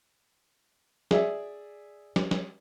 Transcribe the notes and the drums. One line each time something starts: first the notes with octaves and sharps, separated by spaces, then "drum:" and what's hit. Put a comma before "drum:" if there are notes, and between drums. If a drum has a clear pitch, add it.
G#4 D5 E5, drum: snare
drum: snare
drum: snare